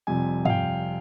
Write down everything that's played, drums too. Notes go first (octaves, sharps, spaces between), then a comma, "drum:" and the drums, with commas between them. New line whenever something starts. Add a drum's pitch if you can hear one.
F2 C3 G3 G#5
F5, drum: tom
G5